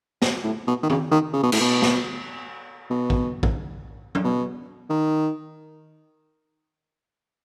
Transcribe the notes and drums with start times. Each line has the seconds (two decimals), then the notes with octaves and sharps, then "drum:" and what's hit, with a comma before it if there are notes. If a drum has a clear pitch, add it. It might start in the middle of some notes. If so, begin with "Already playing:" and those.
0.22 B2, drum: snare
0.44 A2
0.67 B2
0.83 D#3
0.90 C#3, drum: tom
1.11 D#3
1.33 C#3
1.43 B2
1.52 A2, drum: cymbal
1.61 B2
1.82 drum: snare
2.90 B2
3.10 drum: kick
3.43 drum: kick
4.15 drum: tom F#3
4.24 B2
4.90 D#3